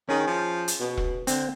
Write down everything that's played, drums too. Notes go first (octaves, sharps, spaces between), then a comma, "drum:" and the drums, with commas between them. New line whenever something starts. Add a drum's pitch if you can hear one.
D#3 C#4 G#4
F3
drum: hi-hat
B2
drum: kick E1
D3 C4, drum: hi-hat